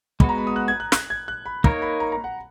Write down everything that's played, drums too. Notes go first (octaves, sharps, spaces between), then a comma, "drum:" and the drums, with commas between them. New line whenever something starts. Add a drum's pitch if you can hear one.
G#3 B3 F#4 B5, drum: kick
A#5
B5
D#6
F#6
G#6
F#6
F#6, drum: snare
G#6
F#6
B5
A#3 D#4 A#4 C#5 A#5, drum: kick
B5
A#5
A#5
F#5